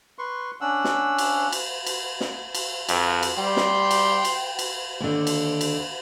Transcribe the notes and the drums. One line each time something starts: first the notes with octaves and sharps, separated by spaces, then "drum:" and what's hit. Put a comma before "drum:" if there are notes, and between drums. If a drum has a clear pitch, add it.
B4 C6 C#6
C#4 D4 F#5 E6
drum: snare
drum: cymbal
drum: cymbal
drum: cymbal
drum: snare
drum: cymbal
F2, drum: cymbal
drum: cymbal
G3 G5 C6
drum: snare
drum: cymbal
drum: cymbal
drum: cymbal
D#2 D3
drum: cymbal
drum: cymbal